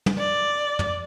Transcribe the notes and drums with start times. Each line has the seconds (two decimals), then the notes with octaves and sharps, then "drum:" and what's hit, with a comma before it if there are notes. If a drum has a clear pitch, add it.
0.06 drum: tom
0.18 D5
0.79 drum: tom